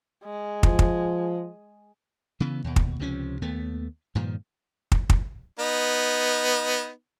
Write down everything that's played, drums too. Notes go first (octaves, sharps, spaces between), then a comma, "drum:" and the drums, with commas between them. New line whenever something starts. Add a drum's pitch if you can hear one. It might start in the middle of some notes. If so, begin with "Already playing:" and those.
G#3
F3, drum: kick
drum: kick
C#3 E3 B3
D#2 B2
drum: kick
C#2 C3 F3 C#4
D#2 A3 B3
G2 A#2 D#3 F3
drum: kick
drum: kick
B3 D#4